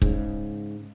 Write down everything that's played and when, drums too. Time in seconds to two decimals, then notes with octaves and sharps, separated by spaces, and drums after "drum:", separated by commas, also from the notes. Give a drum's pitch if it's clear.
0.02 G#2 C#3, drum: kick